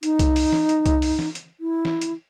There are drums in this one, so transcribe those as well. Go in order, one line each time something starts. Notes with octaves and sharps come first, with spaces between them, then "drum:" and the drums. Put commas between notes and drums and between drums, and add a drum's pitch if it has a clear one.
D#4, drum: hi-hat
drum: kick C2, hi-hat
drum: open hi-hat
drum: snare
drum: hi-hat
drum: kick C2, hi-hat
drum: open hi-hat
drum: snare
drum: hi-hat
E4
drum: snare
drum: hi-hat